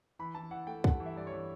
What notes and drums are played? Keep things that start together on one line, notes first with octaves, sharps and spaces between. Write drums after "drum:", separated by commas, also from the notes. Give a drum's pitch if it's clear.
E3 B5
E3 A5
E3 F#5
A3 G5
G2 F#5, drum: kick
E3
E5
G2 D5
E3 C#5